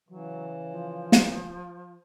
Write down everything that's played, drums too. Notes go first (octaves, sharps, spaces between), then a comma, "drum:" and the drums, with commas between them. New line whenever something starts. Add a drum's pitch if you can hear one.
C#3 E3 F#3
F3
drum: snare